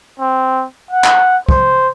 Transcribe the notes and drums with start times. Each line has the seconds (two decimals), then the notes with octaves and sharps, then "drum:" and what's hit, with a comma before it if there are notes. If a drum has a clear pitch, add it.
0.20 C4
0.91 F#5
1.04 drum: clap
1.49 C5, drum: kick